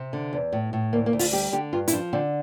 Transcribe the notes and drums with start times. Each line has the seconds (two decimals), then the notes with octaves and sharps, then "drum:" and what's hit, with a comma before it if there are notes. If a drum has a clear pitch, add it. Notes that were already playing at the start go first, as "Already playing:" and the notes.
Already playing: C3
0.13 D3
0.33 E2
0.53 A2
0.73 A2
0.93 D2 A#3
1.06 A#3
1.13 D2
1.19 F4, drum: open hi-hat
1.33 G3 G4
1.53 D3 G4
1.73 G2 F4
1.88 E4, drum: hi-hat
1.93 F3 D4
2.13 D3 C4